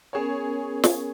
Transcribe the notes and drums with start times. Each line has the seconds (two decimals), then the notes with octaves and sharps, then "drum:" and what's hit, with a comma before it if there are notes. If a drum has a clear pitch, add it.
0.13 B3 C#4 G#4 A#4 C#5
0.84 drum: snare